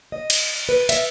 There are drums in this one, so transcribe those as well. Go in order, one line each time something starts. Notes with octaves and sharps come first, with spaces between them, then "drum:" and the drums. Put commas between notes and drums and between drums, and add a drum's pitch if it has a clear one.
D#5
drum: cymbal
B4
E5, drum: cymbal